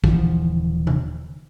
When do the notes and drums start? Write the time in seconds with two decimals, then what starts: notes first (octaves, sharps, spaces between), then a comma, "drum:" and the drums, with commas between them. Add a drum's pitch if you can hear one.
0.04 D#1 D3 E3 F3, drum: kick
0.87 drum: tom C3